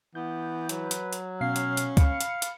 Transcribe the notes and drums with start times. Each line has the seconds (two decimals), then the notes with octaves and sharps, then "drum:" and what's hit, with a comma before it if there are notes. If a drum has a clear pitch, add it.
0.15 E3 B3 G6
0.69 F#3 B4, drum: hi-hat
0.91 drum: hi-hat
1.13 drum: hi-hat
1.41 B2 C#4 F5 F6 C7
1.56 drum: hi-hat
1.77 drum: hi-hat
1.97 F5 B5 C#7, drum: kick C#2, hi-hat
2.21 drum: hi-hat
2.42 drum: hi-hat